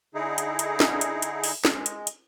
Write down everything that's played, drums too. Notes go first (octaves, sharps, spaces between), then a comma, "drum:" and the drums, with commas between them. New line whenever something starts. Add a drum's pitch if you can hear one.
D3 D#4 E4 G#4
drum: hi-hat
drum: hi-hat
drum: snare
drum: hi-hat
drum: hi-hat
drum: open hi-hat
G#3, drum: snare
drum: hi-hat
drum: hi-hat